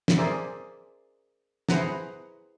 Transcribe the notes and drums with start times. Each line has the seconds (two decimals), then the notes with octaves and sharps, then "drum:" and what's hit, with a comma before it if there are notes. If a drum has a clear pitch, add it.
0.08 drum: snare
0.18 G#4 A#4 C5 D5 E5
1.69 E4 G#4 B4 C5 F#5 A#5, drum: snare